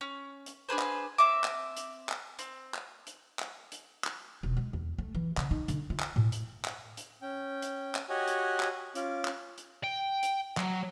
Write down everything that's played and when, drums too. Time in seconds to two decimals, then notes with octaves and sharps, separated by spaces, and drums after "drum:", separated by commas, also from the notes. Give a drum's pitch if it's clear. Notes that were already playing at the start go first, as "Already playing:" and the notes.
0.01 C#4
0.46 drum: hi-hat
0.69 D4 G#4 B4 C5
0.79 drum: clap
1.18 C4 E5 D6
1.44 drum: clap
1.77 drum: hi-hat
2.09 drum: clap
2.39 C4, drum: hi-hat
2.74 drum: clap
3.07 drum: hi-hat
3.39 drum: clap
3.72 drum: hi-hat
4.04 drum: clap
4.43 E1
4.57 G#3
4.73 E2
4.98 A3
5.15 E3
5.37 C#3, drum: clap
5.51 D#4
5.68 D3, drum: hi-hat
5.90 F4
6.00 drum: clap
6.16 A2
6.32 drum: hi-hat
6.65 drum: clap
6.97 drum: hi-hat
7.22 C#4 G5
7.62 drum: hi-hat
7.95 drum: clap
8.09 F#4 G4 C#5 D#5 F#5 G#5
8.28 drum: hi-hat
8.60 drum: clap
8.95 C#4 F4 D6, drum: hi-hat
9.25 drum: clap
9.58 drum: hi-hat
9.84 G5
10.23 drum: hi-hat
10.57 F#3, drum: clap